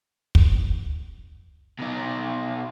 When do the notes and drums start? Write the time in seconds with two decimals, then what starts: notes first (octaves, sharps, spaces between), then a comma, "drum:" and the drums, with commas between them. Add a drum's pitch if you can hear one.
0.35 drum: kick
1.79 B2 D#4